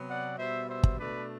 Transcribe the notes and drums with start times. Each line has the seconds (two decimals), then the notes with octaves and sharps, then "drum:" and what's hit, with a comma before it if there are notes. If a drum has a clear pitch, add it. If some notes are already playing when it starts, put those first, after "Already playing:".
Already playing: C3 F#3 B3
0.08 D5 F#5
0.38 B2 G3 B3 C5 E5
0.68 C5 E5
0.83 drum: kick
0.98 B2 A3 D4 B4 D5